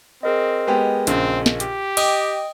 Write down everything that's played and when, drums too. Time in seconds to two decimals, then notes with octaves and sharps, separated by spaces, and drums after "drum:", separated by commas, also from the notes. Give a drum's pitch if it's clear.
0.23 C4 G#4 A#4 D#5
0.67 G#3 B3 G4
1.07 A#1 C#3 C4, drum: hi-hat
1.46 drum: snare
1.60 G4, drum: hi-hat
1.97 D#5 G5 D6 D#6, drum: cymbal